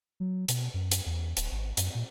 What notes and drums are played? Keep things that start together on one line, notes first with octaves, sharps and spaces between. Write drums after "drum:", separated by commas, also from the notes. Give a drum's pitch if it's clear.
F#3
B2, drum: hi-hat
F#2
drum: hi-hat
E2
D1, drum: hi-hat
G#1
F#2, drum: hi-hat
A#2